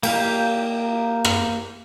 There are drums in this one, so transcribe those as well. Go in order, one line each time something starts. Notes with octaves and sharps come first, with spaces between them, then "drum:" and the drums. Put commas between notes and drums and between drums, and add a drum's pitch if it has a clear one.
A#3 G4 F5, drum: cymbal
drum: rim click